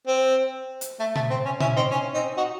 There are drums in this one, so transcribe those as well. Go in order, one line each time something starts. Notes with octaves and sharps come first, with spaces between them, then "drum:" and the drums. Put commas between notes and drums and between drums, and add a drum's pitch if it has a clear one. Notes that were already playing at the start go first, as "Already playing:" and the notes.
C4
drum: hi-hat
A3
A3, drum: tom A#2
C4
C#4
C#4 E4, drum: tom A#2
C4 D#4
C#4
C4 D#4
D#4 F#4